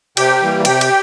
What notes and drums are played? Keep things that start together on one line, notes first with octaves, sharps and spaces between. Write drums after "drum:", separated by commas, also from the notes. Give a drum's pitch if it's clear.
C3 G4 G5, drum: cymbal
E3 G3 A#3
C3 G4 G5, drum: cymbal
drum: cymbal